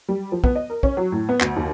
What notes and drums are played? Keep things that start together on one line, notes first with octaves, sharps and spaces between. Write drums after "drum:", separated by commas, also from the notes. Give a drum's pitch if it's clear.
G3
F3
B3, drum: kick
D#5
A#4
C#4, drum: kick
F#3
A2
B3
D2, drum: clap
D#2